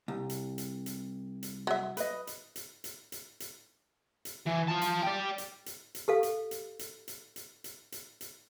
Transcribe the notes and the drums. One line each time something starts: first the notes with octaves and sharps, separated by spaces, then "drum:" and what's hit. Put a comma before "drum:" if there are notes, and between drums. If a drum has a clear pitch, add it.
C2
drum: hi-hat
drum: hi-hat
drum: hi-hat
drum: hi-hat
F#3 E5
B4 D#5, drum: hi-hat
drum: hi-hat
drum: hi-hat
drum: hi-hat
drum: hi-hat
drum: hi-hat
drum: hi-hat
E3
F4 A5
drum: hi-hat
D5 G5
drum: hi-hat
drum: hi-hat
drum: hi-hat
G4 A4 F5
drum: hi-hat
drum: hi-hat
drum: hi-hat
drum: hi-hat
drum: hi-hat
drum: hi-hat
drum: hi-hat
drum: hi-hat